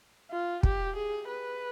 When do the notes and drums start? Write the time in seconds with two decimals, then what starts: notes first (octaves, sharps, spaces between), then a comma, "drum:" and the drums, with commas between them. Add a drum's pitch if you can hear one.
0.31 F4
0.63 G4, drum: kick
0.96 G#4
1.28 B4